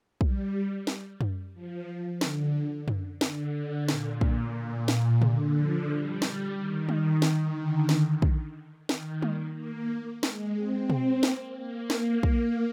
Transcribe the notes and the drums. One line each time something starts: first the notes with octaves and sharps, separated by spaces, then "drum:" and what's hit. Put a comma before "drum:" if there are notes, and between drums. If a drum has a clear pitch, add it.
G3, drum: kick
drum: snare
drum: tom F#2
F3
D3, drum: snare
drum: tom F#2
D3, drum: snare
A#2, drum: snare
drum: kick
A#2
drum: snare
D3, drum: tom B2
F3
G3
drum: snare
D#3
drum: tom G3
D#3, drum: snare
D3
drum: snare
drum: kick
D#3, drum: snare
A#3, drum: tom G3
A#3
G#3, drum: snare
C4
drum: tom B2
A#3, drum: snare
A#3
A#3, drum: snare
drum: kick